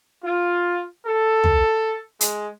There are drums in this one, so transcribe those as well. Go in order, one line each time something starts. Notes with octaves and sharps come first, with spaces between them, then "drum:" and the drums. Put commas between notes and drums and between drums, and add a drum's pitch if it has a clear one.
F4
A4
drum: tom
G#3, drum: hi-hat